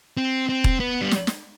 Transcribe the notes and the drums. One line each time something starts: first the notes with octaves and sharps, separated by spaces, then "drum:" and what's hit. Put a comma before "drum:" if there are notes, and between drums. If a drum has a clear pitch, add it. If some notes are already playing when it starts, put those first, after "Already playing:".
C4
C4
drum: kick E1
B3
G3
drum: snare
drum: snare